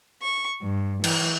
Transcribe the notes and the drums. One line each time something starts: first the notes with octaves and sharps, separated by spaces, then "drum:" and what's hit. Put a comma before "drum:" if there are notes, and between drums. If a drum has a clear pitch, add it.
C#6
G2
E3, drum: cymbal